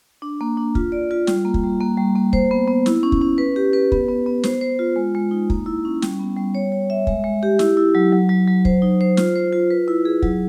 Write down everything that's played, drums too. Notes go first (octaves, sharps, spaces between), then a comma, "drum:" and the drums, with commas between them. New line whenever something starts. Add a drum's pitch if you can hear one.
D4
A#3
D4
F4, drum: kick
D5
F4
G3, drum: snare
A#3
drum: kick
G3
A#3
G3
A#3
C5, drum: kick
B3
B3
E4, drum: snare
C#4
drum: kick
C#4
B4
G4
B4
B3, drum: kick
B3
B3
C5, drum: snare
C5
F4
G#3
G#3
D#4
A#3, drum: kick
E4
C#4
G3, drum: snare
B3
G3
C#5
C#5
E5
G#3, drum: kick
G#3
G4
E4, drum: snare
E4
F#3
F#3
F#3
F#3
C5, drum: kick
D#4
C5
F4, drum: snare
C5
F4
B4
E4
G#4
F#3, drum: kick